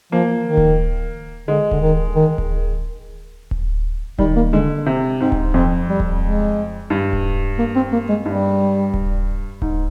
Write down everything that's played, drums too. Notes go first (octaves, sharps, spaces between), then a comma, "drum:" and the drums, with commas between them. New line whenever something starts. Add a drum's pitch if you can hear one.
F3 A#3
D#3
drum: kick D1
D3 G#3
D3, drum: kick D1
D#3
D#3
drum: kick D1
drum: kick D1
D#3 G3, drum: kick D1
A#3
D3 G#3
C3
G#2 C4
drum: kick D1
F2 C4
G3
drum: kick D1
G#3
G2
drum: kick D1
A#3
C4
A#3
G#3
G2 G3
drum: kick D1
G#2, drum: kick D1